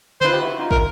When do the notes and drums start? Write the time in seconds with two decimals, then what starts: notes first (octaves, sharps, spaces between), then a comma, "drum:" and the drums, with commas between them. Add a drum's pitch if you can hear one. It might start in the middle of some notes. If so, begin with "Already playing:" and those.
0.21 C5, drum: tom C#3
0.24 D#4 F4 B4
0.34 G4
0.42 E4 F#4
0.59 D#4 F4
0.71 A#4, drum: kick